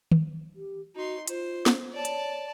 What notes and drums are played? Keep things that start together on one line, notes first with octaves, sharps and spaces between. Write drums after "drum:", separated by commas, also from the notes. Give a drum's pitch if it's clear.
drum: tom D#3
G4
D#4 F#4 C6
F4 C5, drum: hi-hat
drum: snare
C#5 D5 A5
drum: hi-hat